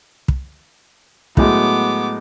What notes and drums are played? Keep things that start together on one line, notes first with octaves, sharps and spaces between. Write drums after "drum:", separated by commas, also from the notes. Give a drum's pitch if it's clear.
drum: kick
A2 F#3 G#3 B3 D6, drum: kick